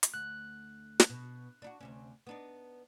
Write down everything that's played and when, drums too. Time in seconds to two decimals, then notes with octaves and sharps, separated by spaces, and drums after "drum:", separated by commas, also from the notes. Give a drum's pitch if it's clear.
0.03 drum: hi-hat
0.14 D2 F#6
1.00 drum: snare
1.10 B2
1.62 D4 D#4 F#4
1.80 D2 C3 C#4
2.27 B3 D4 D#4